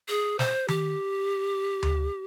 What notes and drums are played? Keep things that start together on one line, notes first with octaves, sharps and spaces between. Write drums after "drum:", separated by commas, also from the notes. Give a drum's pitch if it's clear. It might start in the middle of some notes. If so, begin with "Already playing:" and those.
G#4
C5, drum: snare
G4, drum: tom D#3
drum: tom D2